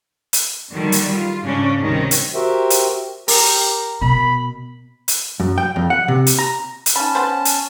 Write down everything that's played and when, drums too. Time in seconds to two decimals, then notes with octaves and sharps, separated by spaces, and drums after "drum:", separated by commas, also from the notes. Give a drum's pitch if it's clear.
0.33 drum: hi-hat
0.71 D3 D#3 F#3 G3 A#3
0.92 drum: hi-hat
1.11 F4
1.44 G#2 C#3 C#4 D4
1.81 D2 C3 D#3 G3 C#4
2.11 drum: hi-hat
2.35 F#4 G4 A#4 C5 E5 G5
2.70 drum: hi-hat
3.28 G4 A#4, drum: open hi-hat
4.02 B2 B5
5.08 drum: hi-hat
5.40 F#2
5.58 G5
5.76 F2
5.90 F#5
6.08 C3
6.27 drum: hi-hat
6.39 A#5
6.86 drum: hi-hat
6.96 C#4 D#4 A5 B5
7.15 B3 B4 C5
7.45 drum: hi-hat